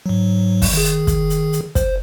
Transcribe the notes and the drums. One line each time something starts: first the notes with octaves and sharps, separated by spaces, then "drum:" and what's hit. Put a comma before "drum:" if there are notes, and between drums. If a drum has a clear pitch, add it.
G#2 F#3
drum: kick, open hi-hat
D#3 G#4
drum: hi-hat
drum: kick, hi-hat
drum: hi-hat
drum: hi-hat
C5, drum: kick, hi-hat